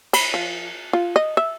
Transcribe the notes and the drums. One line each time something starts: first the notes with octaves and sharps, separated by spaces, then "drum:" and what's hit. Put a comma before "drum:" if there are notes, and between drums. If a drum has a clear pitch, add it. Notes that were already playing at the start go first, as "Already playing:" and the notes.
B5, drum: cymbal
F3
F4
D#5
E5